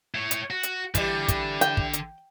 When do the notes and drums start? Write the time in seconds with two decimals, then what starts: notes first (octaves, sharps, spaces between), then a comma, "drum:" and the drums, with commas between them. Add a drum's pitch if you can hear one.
0.14 E4 C#5
0.31 drum: hi-hat
0.50 F#4
0.63 drum: hi-hat
0.95 D3 E3 G3, drum: kick, hi-hat
1.28 drum: kick, hi-hat
1.61 G5, drum: hi-hat
1.77 drum: kick
1.93 drum: hi-hat